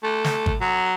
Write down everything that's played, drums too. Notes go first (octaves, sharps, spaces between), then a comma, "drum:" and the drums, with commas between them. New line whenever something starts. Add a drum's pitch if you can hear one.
A3
drum: snare
drum: kick
F#3